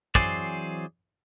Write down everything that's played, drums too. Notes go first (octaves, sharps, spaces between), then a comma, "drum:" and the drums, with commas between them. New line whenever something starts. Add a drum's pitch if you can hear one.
E3 F#3 C4 G#4 C5 D5, drum: kick